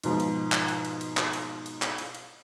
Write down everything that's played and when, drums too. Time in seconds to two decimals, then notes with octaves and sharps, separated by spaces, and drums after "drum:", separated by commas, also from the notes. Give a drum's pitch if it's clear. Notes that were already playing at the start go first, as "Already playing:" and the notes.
0.03 G#2 B2 F3, drum: cymbal
0.20 drum: cymbal
0.52 drum: clap
0.68 drum: cymbal
0.85 drum: cymbal
1.01 drum: cymbal
1.17 drum: clap
1.33 drum: cymbal
1.66 drum: cymbal
1.82 drum: clap
1.98 drum: cymbal
2.15 drum: cymbal